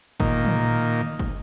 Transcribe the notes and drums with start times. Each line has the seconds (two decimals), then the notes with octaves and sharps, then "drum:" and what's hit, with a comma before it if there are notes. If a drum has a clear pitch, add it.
0.20 A#2 D#3, drum: kick F#1
0.45 drum: tom
1.19 drum: kick F#1